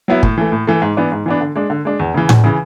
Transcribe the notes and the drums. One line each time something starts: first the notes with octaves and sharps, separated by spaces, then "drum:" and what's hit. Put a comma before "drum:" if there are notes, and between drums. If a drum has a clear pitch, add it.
F#3 B3 E4
A2, drum: kick
E3 A3
A2
E3 A3
G#2
E3 B3 D4
G#2
E3 B3 D4
D3
G#3 D4
D3
G#3 D4
E2
C#3 E3
E2, drum: tom A2
C#3 E3